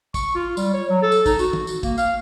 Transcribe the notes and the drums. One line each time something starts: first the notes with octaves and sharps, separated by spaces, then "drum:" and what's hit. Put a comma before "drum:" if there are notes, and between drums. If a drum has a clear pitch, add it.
C#6, drum: kick, tambourine
F4
G3, drum: tambourine
C#5
F#3
A4
drum: tambourine
D#4, drum: kick, tambourine
F#4, drum: tambourine
drum: tom
drum: tambourine
A#3, drum: kick, tambourine
F5, drum: tambourine